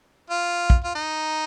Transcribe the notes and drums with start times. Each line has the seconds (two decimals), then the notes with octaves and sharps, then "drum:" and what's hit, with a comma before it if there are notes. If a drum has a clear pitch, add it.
0.30 F4
0.70 drum: kick
0.84 F4
0.95 D#4